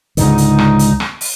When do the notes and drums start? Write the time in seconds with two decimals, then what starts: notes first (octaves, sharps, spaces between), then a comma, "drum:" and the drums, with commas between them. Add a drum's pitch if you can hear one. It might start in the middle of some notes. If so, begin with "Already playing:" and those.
0.17 C#2 G#2 D3 D#4, drum: hi-hat
0.38 drum: hi-hat
0.59 drum: rim click
0.79 drum: hi-hat
1.00 drum: rim click
1.21 drum: open hi-hat